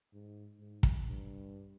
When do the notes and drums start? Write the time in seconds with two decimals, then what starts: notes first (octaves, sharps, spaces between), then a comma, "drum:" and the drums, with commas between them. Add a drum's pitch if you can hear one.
0.13 G#2
0.60 G#2
0.83 drum: kick
1.07 G2